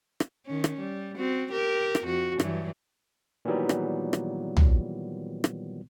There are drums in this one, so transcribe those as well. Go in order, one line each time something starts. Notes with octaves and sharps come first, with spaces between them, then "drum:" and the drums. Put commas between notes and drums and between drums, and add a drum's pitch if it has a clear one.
drum: rim click
D#3 C#4
drum: rim click
G3
C4 F#4
G4 A#4
drum: rim click
F2 F#4
G2 E3 F#3, drum: rim click
A#2 D#3 E3 F#3 G3 B3
drum: rim click
drum: rim click
drum: tom
drum: rim click